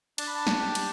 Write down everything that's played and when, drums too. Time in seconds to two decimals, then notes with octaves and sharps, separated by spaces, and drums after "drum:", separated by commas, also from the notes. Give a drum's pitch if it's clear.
0.18 D4 A5, drum: cymbal
0.27 B5
0.35 A5
0.47 drum: snare
0.60 G4
0.75 drum: cymbal